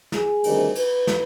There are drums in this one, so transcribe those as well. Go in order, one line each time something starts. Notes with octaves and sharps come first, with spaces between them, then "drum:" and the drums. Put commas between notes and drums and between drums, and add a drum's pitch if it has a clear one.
G#4, drum: snare
D2 C3 D#3 G3, drum: cymbal
B4, drum: cymbal
drum: snare